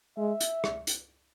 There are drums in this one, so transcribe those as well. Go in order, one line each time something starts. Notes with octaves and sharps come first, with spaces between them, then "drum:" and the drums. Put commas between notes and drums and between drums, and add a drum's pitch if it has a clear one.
G#3 E5
drum: hi-hat
drum: rim click
drum: hi-hat